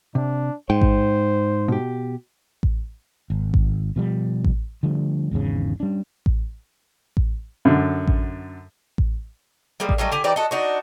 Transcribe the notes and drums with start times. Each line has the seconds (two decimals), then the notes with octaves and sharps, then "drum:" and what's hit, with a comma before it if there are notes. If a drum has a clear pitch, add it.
0.15 C3 D4
0.70 G#2 C5 G5
0.81 drum: kick A1
1.68 B2 G4
2.63 drum: kick A1
3.30 G#1
3.54 drum: kick A1
3.96 B2 F3 G3
4.44 drum: kick A1
4.83 D3 F3 G3 A3
5.31 G#1 E2 G#2 C#3
5.80 G3 C#4 D4
6.26 drum: kick A1
7.17 drum: kick A1
7.65 F#2 D3
8.07 drum: kick A1
8.98 drum: kick A1
9.80 G3 G#3 A#3
9.89 drum: kick A1
9.98 F#3 G3 A3 D#4
10.12 D3 G4 G#5
10.24 E3 D#4 G4 D5
10.36 F#4 A4 D#5
10.51 D4 D#4 F#4